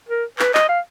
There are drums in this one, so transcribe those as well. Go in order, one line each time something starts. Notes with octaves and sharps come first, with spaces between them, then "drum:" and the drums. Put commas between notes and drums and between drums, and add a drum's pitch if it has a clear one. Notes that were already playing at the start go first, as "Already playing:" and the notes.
A#4
B4, drum: clap
D#5, drum: clap
F5